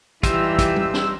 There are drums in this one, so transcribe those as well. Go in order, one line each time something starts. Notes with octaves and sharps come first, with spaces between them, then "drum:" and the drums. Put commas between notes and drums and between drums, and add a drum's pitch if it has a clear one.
E3 G3 D#4 F4 G4 E6, drum: kick, hi-hat
drum: kick, hi-hat
drum: tom G3
drum: snare